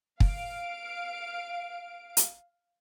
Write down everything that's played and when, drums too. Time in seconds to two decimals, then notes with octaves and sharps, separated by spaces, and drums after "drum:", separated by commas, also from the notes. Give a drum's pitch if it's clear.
0.20 F5 D7, drum: kick
2.17 drum: hi-hat